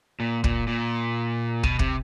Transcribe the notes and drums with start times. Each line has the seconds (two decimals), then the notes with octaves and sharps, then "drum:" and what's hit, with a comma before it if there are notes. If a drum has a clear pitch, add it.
0.20 A#2
0.44 A#2, drum: kick
0.67 A#2
1.63 B2, drum: kick
1.79 C3, drum: kick